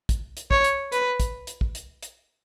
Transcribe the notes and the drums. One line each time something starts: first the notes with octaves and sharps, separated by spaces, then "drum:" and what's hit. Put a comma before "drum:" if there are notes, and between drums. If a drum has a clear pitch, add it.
drum: kick, hi-hat
drum: hi-hat
C#5, drum: kick
drum: hi-hat
B4, drum: hi-hat
drum: kick, hi-hat
drum: hi-hat
drum: kick
drum: hi-hat
drum: hi-hat